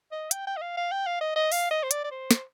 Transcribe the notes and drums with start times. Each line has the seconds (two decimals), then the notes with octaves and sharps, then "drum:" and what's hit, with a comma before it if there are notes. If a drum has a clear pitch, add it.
0.11 D#5
0.31 G5, drum: hi-hat
0.47 G5
0.56 D#5
0.61 F5
0.77 F5
0.91 G5
1.06 F5
1.21 D#5
1.36 D#5
1.52 F5, drum: open hi-hat
1.71 D#5
1.83 C5
1.91 D5, drum: hi-hat
2.04 D5
2.11 C5
2.31 drum: snare